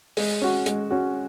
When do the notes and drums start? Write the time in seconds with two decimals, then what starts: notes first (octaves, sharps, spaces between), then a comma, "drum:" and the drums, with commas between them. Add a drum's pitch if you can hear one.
0.17 G#3, drum: open hi-hat
0.41 C#4 F#4
0.66 G#3, drum: hi-hat
0.91 C#4 F#4